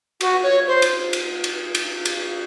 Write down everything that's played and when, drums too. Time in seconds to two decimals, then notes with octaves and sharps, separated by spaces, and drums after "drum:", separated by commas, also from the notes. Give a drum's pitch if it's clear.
0.21 F#4, drum: cymbal
0.43 C#5
0.67 C5
0.82 drum: cymbal
1.13 drum: cymbal
1.44 drum: cymbal
1.75 drum: cymbal
2.05 drum: cymbal